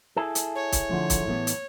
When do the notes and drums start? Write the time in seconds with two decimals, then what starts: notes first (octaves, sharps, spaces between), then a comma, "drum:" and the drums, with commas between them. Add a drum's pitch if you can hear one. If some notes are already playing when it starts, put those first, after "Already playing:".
0.16 E4 G#4 A4
0.35 drum: hi-hat
0.55 C#5
0.72 drum: kick, hi-hat
0.89 D3 F3 A3
1.10 drum: kick, hi-hat
1.26 A2 E3 B3
1.47 drum: hi-hat